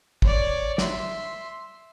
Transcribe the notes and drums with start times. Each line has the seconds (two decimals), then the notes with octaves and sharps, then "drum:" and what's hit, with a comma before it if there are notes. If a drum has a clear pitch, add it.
0.22 C#5 D5, drum: kick
0.78 E5 C6, drum: snare